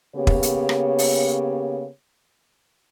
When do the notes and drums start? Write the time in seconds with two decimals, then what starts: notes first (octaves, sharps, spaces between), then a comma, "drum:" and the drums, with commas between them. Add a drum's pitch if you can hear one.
0.15 C#3 A#3 B3 G4 C#5
0.27 drum: kick
0.43 drum: hi-hat
0.69 drum: rim click
0.99 drum: open hi-hat